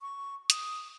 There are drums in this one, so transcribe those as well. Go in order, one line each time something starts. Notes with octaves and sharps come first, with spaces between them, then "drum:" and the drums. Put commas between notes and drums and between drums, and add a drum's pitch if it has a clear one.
C#6
D#6, drum: hi-hat